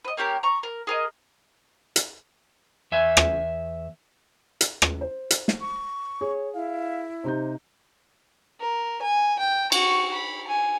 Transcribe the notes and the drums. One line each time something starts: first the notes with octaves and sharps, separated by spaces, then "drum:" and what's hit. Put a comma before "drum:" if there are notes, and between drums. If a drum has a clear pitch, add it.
B4 D#5
A#3 C#4 G4 A#4
A#5 C#6
A#4
G#4 A#4 D#5
drum: hi-hat
E2 E5 G#5
drum: rim click
drum: hi-hat
drum: rim click
C5
drum: hi-hat
drum: snare
C#6
G#4 C#5
E4 F5
C3 D#4 C5 G6
A#4
G#5
G5
F#4 C#6, drum: cymbal
B5
G#5